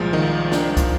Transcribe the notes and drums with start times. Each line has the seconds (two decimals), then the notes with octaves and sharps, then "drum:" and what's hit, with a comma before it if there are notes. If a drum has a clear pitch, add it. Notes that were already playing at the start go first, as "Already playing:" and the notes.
Already playing: C2 A#2 F3 G#3 F4
0.13 D#3 D#4
0.52 D4, drum: snare
0.77 drum: kick, hi-hat